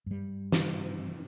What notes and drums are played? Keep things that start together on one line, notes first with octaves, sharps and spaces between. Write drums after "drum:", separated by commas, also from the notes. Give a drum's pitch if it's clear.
G2 G3
drum: snare